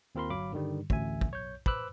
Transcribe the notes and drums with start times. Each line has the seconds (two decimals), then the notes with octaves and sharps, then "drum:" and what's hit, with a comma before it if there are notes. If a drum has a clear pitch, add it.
0.15 D#2 C4 F4 A#4 B5 C6
0.30 G1 F#3 F5 B5 D6
0.52 G2 D3 D#3 G3
0.90 A1 D2 E5 G#5, drum: kick
1.21 drum: kick
1.31 B1 C#5 G6
1.66 B4 C5 B5 D6 E6 F#6, drum: kick